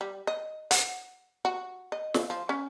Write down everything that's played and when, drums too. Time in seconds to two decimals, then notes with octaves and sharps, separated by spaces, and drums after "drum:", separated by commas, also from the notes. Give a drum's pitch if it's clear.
0.01 G3
0.27 D#5
0.71 F#5, drum: hi-hat
1.45 F#4
1.92 D#5
2.14 drum: snare
2.30 F3
2.49 C#4